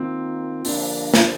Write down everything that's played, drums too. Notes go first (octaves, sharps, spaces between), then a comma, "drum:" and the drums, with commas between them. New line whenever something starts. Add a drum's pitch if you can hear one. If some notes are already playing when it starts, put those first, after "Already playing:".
Already playing: D#3 A#3 C4 F4
G2 D3 F3 A#3 D4, drum: open hi-hat
drum: snare